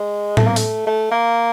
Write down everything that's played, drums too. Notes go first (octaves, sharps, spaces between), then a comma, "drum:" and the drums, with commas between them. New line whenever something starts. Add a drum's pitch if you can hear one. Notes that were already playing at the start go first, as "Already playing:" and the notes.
Already playing: G#3
A3, drum: tom A2
A#3
A3, drum: open hi-hat
A3
A#3